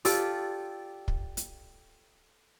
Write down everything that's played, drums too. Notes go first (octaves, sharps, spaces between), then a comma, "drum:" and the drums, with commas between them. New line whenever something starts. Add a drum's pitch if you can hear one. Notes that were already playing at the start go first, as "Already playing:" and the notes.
F4 G4 A4 D5, drum: open hi-hat
drum: kick
drum: hi-hat